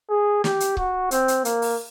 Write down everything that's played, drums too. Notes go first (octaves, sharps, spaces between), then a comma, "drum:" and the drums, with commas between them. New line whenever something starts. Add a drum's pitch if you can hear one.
G#4
G4, drum: snare
drum: hi-hat
F#4, drum: kick C#1
C4, drum: hi-hat
drum: hi-hat
A#3, drum: hi-hat
drum: open hi-hat